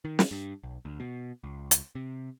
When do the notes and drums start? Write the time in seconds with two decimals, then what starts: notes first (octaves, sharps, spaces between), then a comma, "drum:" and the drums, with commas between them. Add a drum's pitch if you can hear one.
0.05 D#3
0.19 drum: snare
0.31 G2
0.64 B1
0.85 D2
1.00 B2
1.44 C#2
1.71 drum: hi-hat
1.95 C3